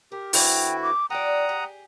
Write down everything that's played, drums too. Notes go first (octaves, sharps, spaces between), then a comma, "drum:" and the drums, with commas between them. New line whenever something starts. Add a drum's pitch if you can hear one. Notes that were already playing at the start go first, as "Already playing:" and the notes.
G4 A#4
D3 B3 C4 E4 F#4 G5, drum: open hi-hat
D6
G3 F4 D5 F#5 G5 A#5 D#6
G4 G#4